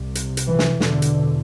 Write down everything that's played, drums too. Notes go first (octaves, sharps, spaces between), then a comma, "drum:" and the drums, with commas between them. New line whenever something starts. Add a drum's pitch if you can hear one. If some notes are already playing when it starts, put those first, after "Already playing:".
Already playing: C2 C3
drum: hi-hat
drum: hi-hat
E3
drum: snare
E2 B2 D3, drum: snare
drum: hi-hat